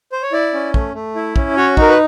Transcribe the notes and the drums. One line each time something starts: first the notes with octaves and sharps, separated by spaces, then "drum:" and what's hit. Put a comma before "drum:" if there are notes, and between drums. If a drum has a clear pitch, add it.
C5
C#5
E4 D5
C#4
A3, drum: kick
A3
E4
C#4, drum: kick
F#4 C#5
D#4 A#4, drum: kick
B4